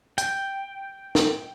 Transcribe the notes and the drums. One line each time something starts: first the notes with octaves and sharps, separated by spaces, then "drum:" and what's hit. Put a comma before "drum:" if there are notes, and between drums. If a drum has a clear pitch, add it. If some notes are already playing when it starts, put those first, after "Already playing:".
G5, drum: hi-hat
drum: snare